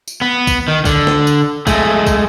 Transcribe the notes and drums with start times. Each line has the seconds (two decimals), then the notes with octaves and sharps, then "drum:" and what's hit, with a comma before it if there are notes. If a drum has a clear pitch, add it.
0.08 drum: tambourine
0.21 B3
0.47 drum: kick, tambourine
0.68 D#3
0.85 D3, drum: kick, tambourine
1.07 drum: snare
1.27 drum: tambourine
1.67 G#3 A3, drum: kick, tambourine
2.07 drum: kick, tambourine